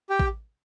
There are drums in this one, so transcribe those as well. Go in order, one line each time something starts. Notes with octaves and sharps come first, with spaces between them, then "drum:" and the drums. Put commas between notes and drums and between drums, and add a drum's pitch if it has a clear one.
G4 G5
drum: kick A1